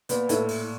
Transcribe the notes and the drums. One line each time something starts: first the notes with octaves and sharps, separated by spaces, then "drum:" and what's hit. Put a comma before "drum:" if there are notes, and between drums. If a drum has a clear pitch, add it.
A#2 B3, drum: hi-hat
A2 E4, drum: hi-hat
drum: open hi-hat